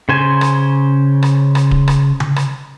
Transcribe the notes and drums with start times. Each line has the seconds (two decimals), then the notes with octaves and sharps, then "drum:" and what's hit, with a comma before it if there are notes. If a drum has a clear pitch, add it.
0.09 C#3 C5 G#5
0.41 drum: rim click
1.23 drum: rim click
1.55 drum: rim click
1.71 drum: kick D1
1.88 drum: rim click
2.20 drum: tom C#3
2.36 drum: rim click